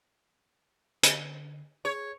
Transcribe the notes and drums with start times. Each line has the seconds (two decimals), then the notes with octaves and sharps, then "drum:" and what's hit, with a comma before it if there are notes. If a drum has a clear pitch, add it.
1.03 D3, drum: hi-hat
1.85 G#4 C#5